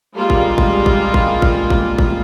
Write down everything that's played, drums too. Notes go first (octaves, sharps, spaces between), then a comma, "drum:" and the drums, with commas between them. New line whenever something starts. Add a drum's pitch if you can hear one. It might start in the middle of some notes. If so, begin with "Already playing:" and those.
G3 G#3 A#3 F4
drum: kick G#1
drum: kick G#1
drum: kick G#1
drum: kick G#1
drum: kick G#1
drum: kick G#1
drum: kick G#1